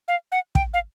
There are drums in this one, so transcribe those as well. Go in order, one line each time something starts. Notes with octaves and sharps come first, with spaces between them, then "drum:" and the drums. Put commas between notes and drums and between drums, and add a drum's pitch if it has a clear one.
F5
F#5
G5, drum: kick
F5